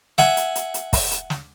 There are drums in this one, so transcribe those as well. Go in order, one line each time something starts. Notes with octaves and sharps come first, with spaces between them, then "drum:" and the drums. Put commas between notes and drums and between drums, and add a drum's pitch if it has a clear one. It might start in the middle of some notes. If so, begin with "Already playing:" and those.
E5 F#5 G#5, drum: snare
drum: hi-hat
drum: hi-hat
drum: hi-hat
drum: kick, open hi-hat
drum: hi-hat
drum: snare